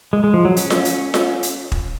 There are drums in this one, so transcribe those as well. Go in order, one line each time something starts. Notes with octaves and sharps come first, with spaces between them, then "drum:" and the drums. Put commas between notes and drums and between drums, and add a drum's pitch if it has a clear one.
G#3
G#3
F3
F#3
C#4, drum: hi-hat
drum: snare F4
drum: hi-hat
drum: snare F4
drum: hi-hat
drum: kick